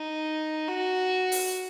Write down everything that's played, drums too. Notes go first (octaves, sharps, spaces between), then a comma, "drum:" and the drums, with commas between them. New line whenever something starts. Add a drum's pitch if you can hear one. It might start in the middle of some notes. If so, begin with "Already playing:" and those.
Already playing: D#4
F#4
drum: open hi-hat